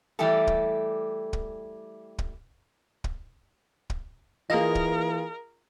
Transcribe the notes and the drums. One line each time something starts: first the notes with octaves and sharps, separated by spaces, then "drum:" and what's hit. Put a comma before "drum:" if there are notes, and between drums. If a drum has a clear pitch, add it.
E3 G3 A3 G4 A4
drum: kick
drum: kick
drum: kick
drum: kick
drum: kick
E3 A#3 F4 G#4 A#4 D#5
drum: kick